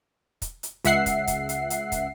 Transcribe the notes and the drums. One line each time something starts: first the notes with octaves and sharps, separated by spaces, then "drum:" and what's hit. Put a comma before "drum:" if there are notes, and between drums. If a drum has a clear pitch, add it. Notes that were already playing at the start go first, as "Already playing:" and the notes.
drum: kick, hi-hat
drum: hi-hat
C#2 E5 F#5 C7, drum: hi-hat
drum: kick, hi-hat
drum: kick, hi-hat
drum: hi-hat
drum: hi-hat
drum: kick, hi-hat